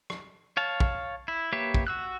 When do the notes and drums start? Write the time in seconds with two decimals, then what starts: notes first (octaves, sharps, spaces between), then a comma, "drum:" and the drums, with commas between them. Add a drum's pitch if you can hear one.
0.10 drum: rim click
0.57 C#5 F5 A5
0.80 drum: kick
1.28 E4
1.53 A#3 G4 B4 C#5 E5
1.74 drum: kick
1.87 F#4 E6 F#6